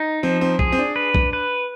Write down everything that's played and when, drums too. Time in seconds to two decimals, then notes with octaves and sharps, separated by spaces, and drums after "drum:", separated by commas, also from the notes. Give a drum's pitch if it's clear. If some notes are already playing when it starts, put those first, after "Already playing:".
Already playing: D#4
0.23 F3 C4
0.41 C4
0.59 G#4, drum: kick
0.72 C4
0.79 D4
0.96 B4
1.15 drum: kick
1.33 B4